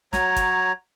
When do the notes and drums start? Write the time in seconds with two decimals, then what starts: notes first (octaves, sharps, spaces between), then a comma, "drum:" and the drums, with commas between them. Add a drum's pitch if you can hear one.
0.13 F#3 C#5 A#5, drum: snare
0.36 drum: kick, hi-hat